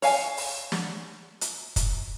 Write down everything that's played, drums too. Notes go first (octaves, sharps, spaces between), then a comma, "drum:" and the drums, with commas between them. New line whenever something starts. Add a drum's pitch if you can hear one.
C#5 F5 G#5, drum: open hi-hat
drum: open hi-hat
drum: snare
drum: hi-hat
drum: kick, hi-hat